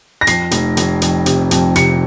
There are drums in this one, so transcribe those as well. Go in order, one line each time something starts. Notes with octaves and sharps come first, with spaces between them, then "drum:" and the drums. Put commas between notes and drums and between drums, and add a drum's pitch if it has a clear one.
A#6
F2 C7, drum: hi-hat
F1, drum: hi-hat
F1, drum: hi-hat
F2, drum: hi-hat
C3, drum: hi-hat
F2, drum: hi-hat
C3 C#7, drum: hi-hat